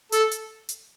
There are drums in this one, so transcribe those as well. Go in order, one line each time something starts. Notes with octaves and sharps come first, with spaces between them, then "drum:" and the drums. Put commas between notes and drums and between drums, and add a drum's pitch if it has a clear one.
A4, drum: hi-hat
drum: hi-hat
drum: hi-hat